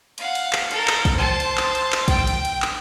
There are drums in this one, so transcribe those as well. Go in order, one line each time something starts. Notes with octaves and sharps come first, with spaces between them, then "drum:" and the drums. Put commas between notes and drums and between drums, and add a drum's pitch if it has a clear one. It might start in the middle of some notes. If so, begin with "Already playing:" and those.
F5 F#5, drum: cymbal
drum: cymbal
drum: clap
A4 A#4, drum: cymbal
drum: clap
drum: kick, cymbal
C5 A5
drum: cymbal
drum: clap
drum: cymbal
drum: clap
G5, drum: kick, cymbal
drum: cymbal
drum: cymbal
drum: clap